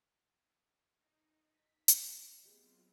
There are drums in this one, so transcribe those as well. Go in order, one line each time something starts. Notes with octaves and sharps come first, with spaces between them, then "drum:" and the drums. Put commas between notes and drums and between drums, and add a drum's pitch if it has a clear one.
D#4
B6
C#4, drum: hi-hat
F#3 A3 B3 C4 D#4 F4 G4 G#4